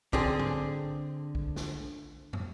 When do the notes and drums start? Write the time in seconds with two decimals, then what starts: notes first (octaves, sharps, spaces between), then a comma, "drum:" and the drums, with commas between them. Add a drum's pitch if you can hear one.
0.13 D3 C4 G#4, drum: kick B1
0.39 drum: tom G#2
1.35 drum: kick B1
1.56 drum: snare
2.33 drum: tom